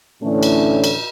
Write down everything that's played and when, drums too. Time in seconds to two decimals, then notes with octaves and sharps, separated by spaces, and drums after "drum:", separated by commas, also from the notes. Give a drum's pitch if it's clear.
0.22 A2 D3 E3 A3 C#4 D4
0.43 drum: cymbal
0.84 drum: cymbal